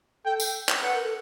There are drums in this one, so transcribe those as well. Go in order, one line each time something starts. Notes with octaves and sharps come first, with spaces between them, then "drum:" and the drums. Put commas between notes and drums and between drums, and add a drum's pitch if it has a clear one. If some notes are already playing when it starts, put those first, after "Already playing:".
A4 G5
drum: tambourine
drum: clap
B4 F#5
A#4
A4